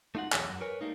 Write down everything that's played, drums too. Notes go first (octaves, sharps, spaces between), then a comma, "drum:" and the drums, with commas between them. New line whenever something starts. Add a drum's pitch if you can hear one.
A3 D#4 F4 F#4 F#5
B1 E2 F#3 G#4 C#5, drum: clap
F#2 F#3 F#4
A#4 B4 C#5 G#5
G3 A3 A#3 D#4